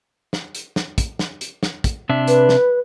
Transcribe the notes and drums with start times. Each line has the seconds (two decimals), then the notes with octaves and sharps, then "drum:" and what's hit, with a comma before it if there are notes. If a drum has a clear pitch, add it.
0.33 drum: snare
0.55 drum: hi-hat
0.76 drum: snare
0.98 drum: kick, hi-hat
1.19 drum: snare
1.41 drum: hi-hat
1.63 drum: snare
1.84 drum: kick, hi-hat
2.09 C3 D4 E5
2.27 B4, drum: hi-hat
2.49 drum: snare